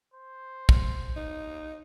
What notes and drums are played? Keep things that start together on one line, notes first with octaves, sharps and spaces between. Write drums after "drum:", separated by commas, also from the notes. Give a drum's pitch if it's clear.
C5
drum: kick
D#4